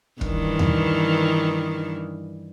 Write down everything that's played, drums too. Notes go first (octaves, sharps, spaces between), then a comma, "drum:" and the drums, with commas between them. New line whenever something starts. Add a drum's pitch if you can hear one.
G2 D#3 E3, drum: kick
drum: tom D#2